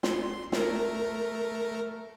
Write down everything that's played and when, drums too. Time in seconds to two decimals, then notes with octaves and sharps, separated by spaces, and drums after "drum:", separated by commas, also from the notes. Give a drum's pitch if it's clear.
0.03 C6, drum: snare
0.52 A3 A#4, drum: snare